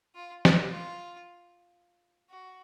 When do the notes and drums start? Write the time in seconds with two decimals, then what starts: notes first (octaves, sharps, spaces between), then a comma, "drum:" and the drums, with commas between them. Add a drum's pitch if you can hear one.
0.15 F4
0.45 drum: snare
0.69 F4
2.30 F#4